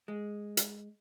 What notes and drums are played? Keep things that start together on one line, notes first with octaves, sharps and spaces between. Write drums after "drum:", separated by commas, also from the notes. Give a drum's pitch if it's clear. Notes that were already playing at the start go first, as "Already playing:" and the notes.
G#3
drum: hi-hat